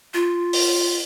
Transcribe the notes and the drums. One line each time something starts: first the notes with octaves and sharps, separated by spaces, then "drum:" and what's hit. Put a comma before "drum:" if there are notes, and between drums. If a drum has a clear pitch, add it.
F4
drum: open hi-hat